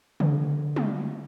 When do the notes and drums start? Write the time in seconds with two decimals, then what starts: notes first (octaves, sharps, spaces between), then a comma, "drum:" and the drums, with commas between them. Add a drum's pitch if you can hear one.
0.20 D3, drum: tom
0.76 drum: tom